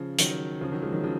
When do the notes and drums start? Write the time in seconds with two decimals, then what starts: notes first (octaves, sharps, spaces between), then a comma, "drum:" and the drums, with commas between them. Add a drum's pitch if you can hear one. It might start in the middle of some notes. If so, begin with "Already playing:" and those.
Already playing: C#3 F3
0.19 D#3 F#3, drum: hi-hat
0.61 C#3 F3
0.71 D#3 F#3
0.82 F3 G#3
0.92 D#3 F#3
1.03 C#3 F3